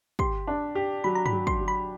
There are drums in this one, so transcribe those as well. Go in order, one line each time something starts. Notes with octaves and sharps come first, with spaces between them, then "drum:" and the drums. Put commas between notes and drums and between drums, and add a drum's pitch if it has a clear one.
G4 C6, drum: kick
D4
G4
F#3 B5
A#5
B5, drum: tom G2
F#3
C6, drum: kick
F#3
B5